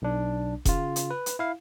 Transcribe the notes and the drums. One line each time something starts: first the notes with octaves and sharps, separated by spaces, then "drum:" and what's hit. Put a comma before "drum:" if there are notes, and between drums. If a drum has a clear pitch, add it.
B1 D4
C#3 F4, drum: kick E1, hi-hat
drum: hi-hat
B4
drum: hi-hat
E4 F5